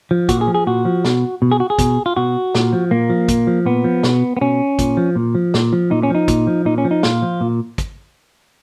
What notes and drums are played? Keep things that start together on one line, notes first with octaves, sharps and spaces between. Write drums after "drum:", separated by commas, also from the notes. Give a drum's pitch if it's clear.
F3
A#2 F#4, drum: kick, hi-hat
G#4
F3
G#4
A#2 F#4
F3
B2, drum: snare
B2
G#4
F#4
G#4
B2, drum: kick, hi-hat
F4
B2 F#4
A#2, drum: snare
F3
A#2 A#3
F3
A#2, drum: kick, hi-hat
F3
A#2 B3
F3
B2, drum: snare
B3
B2 C#4
A#2, drum: kick, hi-hat
F3
A#2
F3
A#2, drum: snare
F3
A#2 D#4
C#4
F3 D#4
A#2, drum: kick, hi-hat
F3
A#2 D#4
C#4
F3
D#4
A#2 F4, drum: snare
F3
A#2
drum: kick, hi-hat